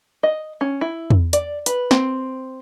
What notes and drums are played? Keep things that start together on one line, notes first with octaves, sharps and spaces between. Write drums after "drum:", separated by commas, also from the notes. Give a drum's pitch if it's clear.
D#5
C#4
E4
drum: tom E2
D5, drum: hi-hat
B4, drum: hi-hat
C4, drum: snare